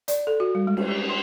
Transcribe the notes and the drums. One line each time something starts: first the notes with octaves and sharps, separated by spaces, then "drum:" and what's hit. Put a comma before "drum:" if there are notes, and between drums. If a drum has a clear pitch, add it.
D5, drum: hi-hat
A4
F#4
G3
G#3
drum: cymbal
G4
C6